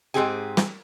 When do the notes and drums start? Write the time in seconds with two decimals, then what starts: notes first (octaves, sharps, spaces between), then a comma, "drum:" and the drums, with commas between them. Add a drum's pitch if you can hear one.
0.14 G#2 C#3 C4 G4 G#4 G#5
0.57 drum: snare